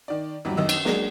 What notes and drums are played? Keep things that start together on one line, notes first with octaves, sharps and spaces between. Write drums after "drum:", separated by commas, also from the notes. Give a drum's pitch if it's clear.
D#3 D5
G#1 E2 F#3 G3
B1 F#2 D#3 D#5 E6
drum: cymbal
F#3 G#3 A#3 D4 G#4, drum: snare